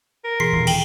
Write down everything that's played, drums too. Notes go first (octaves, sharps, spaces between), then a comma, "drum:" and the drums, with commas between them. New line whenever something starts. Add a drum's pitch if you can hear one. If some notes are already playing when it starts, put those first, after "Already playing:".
A#4
B2 E3 G#4 C6 B6 C7
D#1
G5 F#7 G7, drum: cymbal